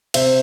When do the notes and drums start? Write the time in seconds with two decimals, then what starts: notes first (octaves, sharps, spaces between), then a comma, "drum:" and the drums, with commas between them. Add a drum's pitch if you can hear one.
0.14 C3 C5 E5, drum: cymbal